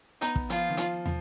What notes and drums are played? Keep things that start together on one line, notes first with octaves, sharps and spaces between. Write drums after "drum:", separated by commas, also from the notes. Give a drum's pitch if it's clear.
B3 D#4, drum: hi-hat
drum: kick
F3 F4, drum: hi-hat
D#3
F3, drum: hi-hat
F3, drum: tom